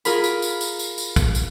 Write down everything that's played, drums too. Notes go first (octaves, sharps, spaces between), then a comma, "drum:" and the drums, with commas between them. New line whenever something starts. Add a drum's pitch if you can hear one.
F4 G#4 A#4 B5, drum: tambourine
drum: tambourine
drum: tambourine
drum: tambourine
drum: tambourine
drum: tambourine
drum: kick, tambourine
drum: tambourine